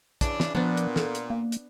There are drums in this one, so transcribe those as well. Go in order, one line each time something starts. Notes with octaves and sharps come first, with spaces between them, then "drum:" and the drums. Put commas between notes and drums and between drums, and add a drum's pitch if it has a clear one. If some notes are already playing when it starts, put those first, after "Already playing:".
C#3 E3 D4, drum: kick, hi-hat
drum: snare
A#2 F3 B3 D4
drum: hi-hat
A4, drum: snare
drum: hi-hat
A#3
drum: hi-hat